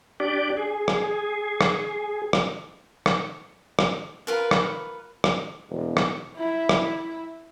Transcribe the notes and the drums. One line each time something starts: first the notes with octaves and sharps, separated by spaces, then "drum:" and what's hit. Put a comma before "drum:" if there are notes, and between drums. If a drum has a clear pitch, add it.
D4 G4 D5
G#4
drum: rim click
drum: rim click
drum: rim click
drum: rim click
drum: rim click
F4 A#4 B4
drum: rim click
drum: rim click
E1
drum: rim click
E4 E5
drum: rim click